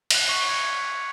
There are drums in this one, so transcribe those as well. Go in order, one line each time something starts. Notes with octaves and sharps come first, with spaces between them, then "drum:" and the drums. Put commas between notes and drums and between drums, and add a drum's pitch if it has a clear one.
F#6 B6 F#7, drum: cymbal
C#6
G#6 C#7